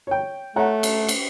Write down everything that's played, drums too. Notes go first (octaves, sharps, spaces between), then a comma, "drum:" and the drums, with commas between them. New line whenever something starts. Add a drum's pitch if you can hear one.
C#5 G5
A3 C#5 F#5 A#5
drum: cymbal
drum: cymbal